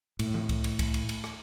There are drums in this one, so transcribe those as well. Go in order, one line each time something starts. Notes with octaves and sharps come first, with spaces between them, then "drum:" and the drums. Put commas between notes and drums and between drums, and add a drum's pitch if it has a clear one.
A2, drum: cymbal
drum: tom E3
drum: kick, cymbal
drum: cymbal
drum: kick, cymbal
drum: cymbal
drum: cymbal
drum: rim click